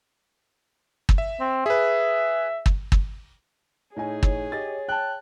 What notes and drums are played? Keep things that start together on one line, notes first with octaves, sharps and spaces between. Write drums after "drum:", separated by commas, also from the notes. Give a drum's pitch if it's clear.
drum: kick
E5
C4
G#4 B4 E5
drum: kick
drum: kick
A2 D#4 G#4 C#5 G#5
drum: kick
G4 D#5 A6
G5 A5 F#6